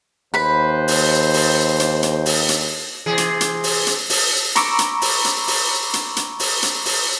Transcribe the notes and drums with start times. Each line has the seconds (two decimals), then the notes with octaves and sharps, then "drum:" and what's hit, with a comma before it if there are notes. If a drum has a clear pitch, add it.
0.34 D#2 B4 C5 B5
0.88 drum: open hi-hat
1.34 drum: open hi-hat
1.80 drum: hi-hat
2.03 drum: hi-hat
2.26 drum: open hi-hat
2.49 drum: hi-hat
3.06 C3 E3 G#4
3.18 drum: hi-hat
3.41 drum: hi-hat
3.64 drum: open hi-hat
3.87 drum: hi-hat
4.10 drum: open hi-hat
4.56 A#5 B5 C#6 D6 E6, drum: hi-hat
4.79 drum: hi-hat
5.02 drum: open hi-hat
5.25 drum: hi-hat
5.48 drum: open hi-hat
5.93 drum: hi-hat
6.16 drum: hi-hat
6.39 drum: open hi-hat
6.62 drum: hi-hat
6.85 drum: open hi-hat